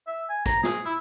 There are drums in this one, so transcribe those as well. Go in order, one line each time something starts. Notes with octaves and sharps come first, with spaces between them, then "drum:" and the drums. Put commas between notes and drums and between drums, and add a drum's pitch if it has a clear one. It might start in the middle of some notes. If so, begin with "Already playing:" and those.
E5
G#5
A#5, drum: kick, hi-hat
G#4, drum: snare
E4